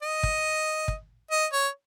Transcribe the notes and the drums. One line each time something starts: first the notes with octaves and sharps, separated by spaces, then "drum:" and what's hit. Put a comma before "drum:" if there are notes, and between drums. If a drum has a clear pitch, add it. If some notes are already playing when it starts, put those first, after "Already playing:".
D#5
drum: kick
drum: kick
D#5
C#5